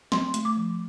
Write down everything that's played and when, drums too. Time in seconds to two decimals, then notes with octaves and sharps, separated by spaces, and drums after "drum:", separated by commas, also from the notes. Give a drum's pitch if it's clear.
0.12 C4 C6, drum: snare
0.34 A3, drum: hi-hat
0.45 D6
0.56 F3